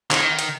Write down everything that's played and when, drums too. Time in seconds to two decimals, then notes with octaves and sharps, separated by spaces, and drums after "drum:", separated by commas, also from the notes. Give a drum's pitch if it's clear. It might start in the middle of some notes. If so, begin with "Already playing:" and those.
0.11 D#3, drum: clap
0.39 drum: hi-hat